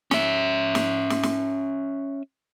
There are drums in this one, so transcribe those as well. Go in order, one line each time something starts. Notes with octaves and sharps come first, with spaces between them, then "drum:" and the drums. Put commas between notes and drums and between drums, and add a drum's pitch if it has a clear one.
C#4 E5, drum: snare
drum: snare
drum: snare
drum: snare